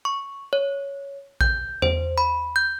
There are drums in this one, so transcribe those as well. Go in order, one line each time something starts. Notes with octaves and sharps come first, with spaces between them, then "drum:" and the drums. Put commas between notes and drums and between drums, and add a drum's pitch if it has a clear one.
C#6
C#5
G6, drum: kick A#1
C5, drum: tom E2
B5
G6